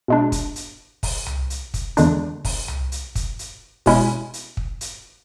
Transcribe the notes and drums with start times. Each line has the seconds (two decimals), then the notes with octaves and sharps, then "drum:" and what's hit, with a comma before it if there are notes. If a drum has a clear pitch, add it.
0.08 B2 G#3 D4
0.32 drum: kick, hi-hat
0.56 drum: hi-hat
1.03 drum: kick, open hi-hat
1.26 drum: tom C2
1.50 drum: hi-hat
1.74 drum: kick, hi-hat
1.97 E2 D3 G#3 D4, drum: hi-hat
2.45 drum: kick, open hi-hat
2.68 drum: tom C2
2.92 drum: hi-hat
3.15 drum: kick, hi-hat
3.39 drum: hi-hat
3.86 B2 G#3 C#4 E4, drum: kick, open hi-hat
4.34 drum: hi-hat
4.57 drum: kick
4.81 drum: hi-hat